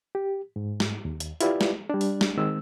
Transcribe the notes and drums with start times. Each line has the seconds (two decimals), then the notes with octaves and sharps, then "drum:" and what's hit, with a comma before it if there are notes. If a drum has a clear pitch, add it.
0.15 G4
0.56 G#2
0.80 drum: snare
1.05 D#2
1.20 drum: hi-hat
1.41 E4 F4 G4 B4 D5, drum: hi-hat
1.61 drum: snare
1.90 G3 D4
2.01 drum: open hi-hat
2.21 drum: snare
2.37 D#3 G#3 C4 E6